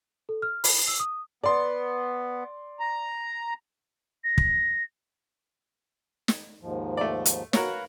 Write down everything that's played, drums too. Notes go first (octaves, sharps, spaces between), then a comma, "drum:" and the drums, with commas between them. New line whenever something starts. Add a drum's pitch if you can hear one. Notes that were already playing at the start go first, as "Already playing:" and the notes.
A4
F6
B5, drum: open hi-hat
E6
D#6
B3 D5 C6
A#5
A#6
drum: kick
drum: snare
D#2 G#2 F3
A3 D5
drum: hi-hat
F#4 A#4 B4 C#5 F5, drum: snare